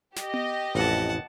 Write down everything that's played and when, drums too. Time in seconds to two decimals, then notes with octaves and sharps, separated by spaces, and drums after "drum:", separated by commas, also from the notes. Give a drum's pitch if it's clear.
0.17 G4 D#5, drum: snare
0.34 drum: tom B3
0.75 A1 F2 F#5 A5